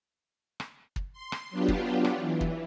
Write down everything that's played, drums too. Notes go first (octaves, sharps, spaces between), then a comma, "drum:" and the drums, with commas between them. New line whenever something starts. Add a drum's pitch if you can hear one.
drum: rim click
drum: kick
C6
drum: rim click
F#3 B3 D4 F4 G4
drum: kick
drum: rim click
E3
drum: kick